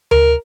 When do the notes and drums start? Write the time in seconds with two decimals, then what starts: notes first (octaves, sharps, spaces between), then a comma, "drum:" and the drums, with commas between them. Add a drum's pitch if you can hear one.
0.11 A#4, drum: tom D2